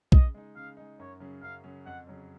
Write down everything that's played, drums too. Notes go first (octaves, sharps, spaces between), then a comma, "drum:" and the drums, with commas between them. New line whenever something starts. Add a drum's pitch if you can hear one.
C#3 D#5, drum: kick
G#3 D#4
C#3 F5
G#3 D#4
F#2 C#5
C#3 F#3 C#4
F#2 F5
C#3 F#3 C#4
F2 F#5
C#3 F#3 C#4